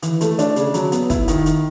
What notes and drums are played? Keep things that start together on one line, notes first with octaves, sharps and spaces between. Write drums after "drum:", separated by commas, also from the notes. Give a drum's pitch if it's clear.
E3, drum: hi-hat
A3, drum: hi-hat
D4, drum: hi-hat
C#3, drum: hi-hat
F#3, drum: hi-hat
B3, drum: hi-hat
E4, drum: kick, hi-hat
D#3, drum: hi-hat
D#3, drum: hi-hat